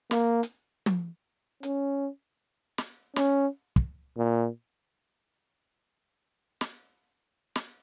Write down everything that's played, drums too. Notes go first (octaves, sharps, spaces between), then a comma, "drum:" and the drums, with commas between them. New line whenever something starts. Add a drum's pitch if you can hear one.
A#3, drum: snare
drum: hi-hat
drum: tom
C#4, drum: hi-hat
drum: snare
C#4, drum: snare
drum: kick
A#2
drum: snare
drum: snare